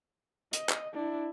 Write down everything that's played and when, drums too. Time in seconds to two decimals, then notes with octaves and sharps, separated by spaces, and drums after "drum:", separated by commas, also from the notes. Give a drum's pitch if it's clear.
0.53 D#5, drum: hi-hat
0.69 drum: clap
0.93 D4 E4